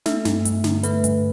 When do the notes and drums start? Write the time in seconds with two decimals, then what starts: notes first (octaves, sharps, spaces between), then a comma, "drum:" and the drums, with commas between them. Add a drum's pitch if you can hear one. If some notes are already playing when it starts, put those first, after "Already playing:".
0.06 A3 E5, drum: snare
0.25 G2, drum: snare
0.45 G2, drum: hi-hat
0.64 D3, drum: snare
0.83 A3 B4, drum: hi-hat
1.04 G2, drum: hi-hat